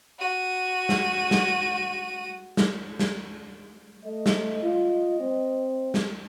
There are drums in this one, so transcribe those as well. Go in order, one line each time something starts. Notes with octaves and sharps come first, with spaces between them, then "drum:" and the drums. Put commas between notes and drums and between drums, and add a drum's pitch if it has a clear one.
F#4 D#7
drum: snare
drum: snare
drum: snare
drum: snare
A3 D#5
drum: snare
F4
C4
drum: snare